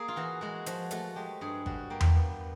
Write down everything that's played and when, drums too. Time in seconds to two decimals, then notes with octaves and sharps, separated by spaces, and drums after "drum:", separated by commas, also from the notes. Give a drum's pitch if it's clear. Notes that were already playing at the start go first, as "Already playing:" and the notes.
Already playing: A#3 G#4
0.08 F4
0.16 E3 F#4
0.41 G#3 F#4
0.66 F3 F#4, drum: hi-hat
0.91 A3 F#4, drum: hi-hat
1.16 G#3 G4
1.41 G2 G#4
1.66 G3 F#4, drum: kick
1.90 A#3 G4
2.00 drum: tom E2
2.15 B3